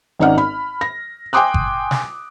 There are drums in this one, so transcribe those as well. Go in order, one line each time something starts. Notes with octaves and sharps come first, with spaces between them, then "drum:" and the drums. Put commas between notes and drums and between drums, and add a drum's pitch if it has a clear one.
G#1 C#4 D#4 D5 F#5 F6
B5
A#6
G5 G#5 C6 D6 D#6 F#6
drum: kick G1
drum: snare